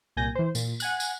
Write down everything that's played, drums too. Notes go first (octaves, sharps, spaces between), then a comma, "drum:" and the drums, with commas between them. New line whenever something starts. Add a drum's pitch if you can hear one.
C2 A#2 G#5 G6 A#6
E3 C5
A#2, drum: tambourine
F#5 G#5 F#6, drum: tambourine
drum: tambourine